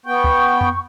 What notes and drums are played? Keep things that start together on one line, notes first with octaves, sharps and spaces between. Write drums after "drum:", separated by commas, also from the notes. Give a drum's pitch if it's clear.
B3 G5 C#6
drum: kick
drum: tom F2